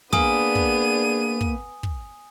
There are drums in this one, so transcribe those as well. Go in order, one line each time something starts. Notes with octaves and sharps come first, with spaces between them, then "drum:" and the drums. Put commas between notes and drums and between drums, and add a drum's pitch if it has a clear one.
A#3 B3 D4 G#4 G#5 D#6 D#7, drum: kick
drum: kick
drum: kick
drum: kick